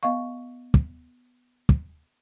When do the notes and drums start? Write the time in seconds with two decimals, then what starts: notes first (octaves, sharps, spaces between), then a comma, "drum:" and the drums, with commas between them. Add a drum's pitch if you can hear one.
0.03 B3 D#5 F5 C#6
0.74 drum: kick
1.69 drum: kick